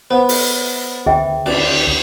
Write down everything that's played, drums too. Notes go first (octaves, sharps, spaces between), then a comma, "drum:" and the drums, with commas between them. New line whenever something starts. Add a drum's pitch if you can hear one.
B3 C5 F#5
drum: open hi-hat
D2 G#4 E5 G5
D4, drum: cymbal